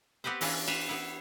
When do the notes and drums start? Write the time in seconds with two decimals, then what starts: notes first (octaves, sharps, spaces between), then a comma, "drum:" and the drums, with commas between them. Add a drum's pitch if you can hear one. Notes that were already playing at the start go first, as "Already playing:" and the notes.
0.24 B3 C4 G4 B4 C5
0.41 E3 C#4 D4 F4, drum: open hi-hat
0.68 B4, drum: cymbal
0.89 B3 E4